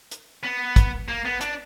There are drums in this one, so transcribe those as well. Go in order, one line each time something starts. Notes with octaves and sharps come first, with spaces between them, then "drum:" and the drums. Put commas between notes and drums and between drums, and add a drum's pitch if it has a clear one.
drum: hi-hat
B3
drum: kick, hi-hat
A#3
B3
D4, drum: hi-hat